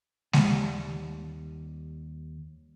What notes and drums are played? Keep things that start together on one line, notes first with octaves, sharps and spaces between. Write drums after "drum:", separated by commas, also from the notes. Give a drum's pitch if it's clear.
D#2 G3 G#5 A5, drum: snare G#3